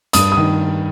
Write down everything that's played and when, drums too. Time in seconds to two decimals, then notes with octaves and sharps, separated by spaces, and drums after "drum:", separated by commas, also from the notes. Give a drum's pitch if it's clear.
0.13 G2 D#6, drum: hi-hat
0.32 D#6
0.37 D#3